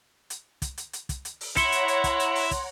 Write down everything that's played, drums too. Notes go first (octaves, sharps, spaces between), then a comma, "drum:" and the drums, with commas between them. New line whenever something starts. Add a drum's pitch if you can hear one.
drum: hi-hat
drum: kick, hi-hat
drum: hi-hat
drum: hi-hat
drum: kick, hi-hat
drum: hi-hat
drum: open hi-hat
E4 C#5 F#5 A#5 C6 C#7 G7, drum: kick, hi-hat
drum: hi-hat
drum: hi-hat
drum: kick, hi-hat
drum: hi-hat
drum: open hi-hat
drum: kick, hi-hat